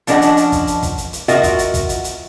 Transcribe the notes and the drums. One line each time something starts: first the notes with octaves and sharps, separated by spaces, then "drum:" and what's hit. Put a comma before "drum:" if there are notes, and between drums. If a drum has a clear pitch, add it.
F3 C#4 D4 A#4 D#5 F#5, drum: hi-hat
drum: hi-hat
drum: hi-hat
drum: kick, hi-hat
drum: hi-hat
drum: kick, hi-hat
drum: hi-hat
drum: hi-hat
F4 F#4 A#4 D#5 E5 F#5, drum: hi-hat
drum: kick, hi-hat
drum: hi-hat
drum: kick, hi-hat
drum: hi-hat
drum: hi-hat